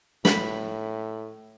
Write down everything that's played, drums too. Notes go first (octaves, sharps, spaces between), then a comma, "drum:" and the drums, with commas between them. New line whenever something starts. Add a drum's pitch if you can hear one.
A2 B5, drum: snare